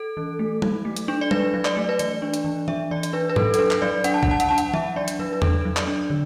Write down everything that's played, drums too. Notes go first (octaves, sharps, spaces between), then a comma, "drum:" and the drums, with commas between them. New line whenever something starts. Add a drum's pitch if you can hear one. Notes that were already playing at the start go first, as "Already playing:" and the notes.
Already playing: A4
E3
A3
F#3, drum: tom
A3
drum: hi-hat
D4
D5
F#3 B4, drum: tom
F#3
D5, drum: clap
A3
B4
E3 D5, drum: hi-hat
D4
drum: hi-hat
E3
D4 E5, drum: tom E3
E3 D5
D5, drum: hi-hat
D4 B4
B4
F#3 A4, drum: tom G#2
A4, drum: hi-hat
D4 B4
drum: clap
F#3 D5
D4 F#5, drum: hi-hat
A5
F#5, drum: kick A#1
F#3 A5
F#5, drum: hi-hat
D4 A5
F#5, drum: hi-hat
F#3 E5, drum: tom E3
D4 D5
drum: hi-hat
F#3 B4
B4
D4 A4, drum: tom E2
F#3
D5, drum: clap
D4
D3